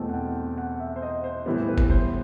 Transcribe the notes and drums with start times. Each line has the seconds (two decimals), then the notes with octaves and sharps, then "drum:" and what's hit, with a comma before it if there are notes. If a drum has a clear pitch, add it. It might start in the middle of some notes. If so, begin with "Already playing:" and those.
Already playing: E2 B2 A3 C4 E4 A5
0.09 F#5
0.14 G5
0.58 F#5
0.80 E5
0.96 C5
1.02 D#5
1.24 C5
1.46 A2 E3 G3 B3
1.68 B4
1.78 drum: kick
1.90 C5